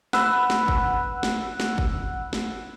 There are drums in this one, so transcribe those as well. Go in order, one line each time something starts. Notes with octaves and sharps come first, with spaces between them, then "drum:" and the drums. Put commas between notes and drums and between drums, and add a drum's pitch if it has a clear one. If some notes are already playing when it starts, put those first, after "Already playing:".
B4 F#5 E6, drum: snare
drum: snare
drum: kick
drum: snare
drum: snare
drum: kick
drum: snare